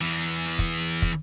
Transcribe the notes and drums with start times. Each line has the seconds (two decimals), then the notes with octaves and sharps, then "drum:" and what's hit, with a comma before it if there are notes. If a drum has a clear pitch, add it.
0.01 E2 E3
0.59 drum: kick
1.02 drum: kick